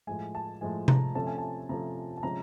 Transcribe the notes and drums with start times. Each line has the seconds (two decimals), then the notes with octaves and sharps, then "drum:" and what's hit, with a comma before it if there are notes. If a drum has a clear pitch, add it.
0.07 A2 F3 G#3 G#5
0.35 A5
0.61 A2 F3 G#3 G#5
0.88 A#5, drum: tom C3
1.15 C3 F3 A3 C#4 A5
1.27 G#5
1.38 A5
1.69 C3 F3 A3 C#4 A#5
2.18 A5
2.23 C3 F3 G#3 C#4 A#5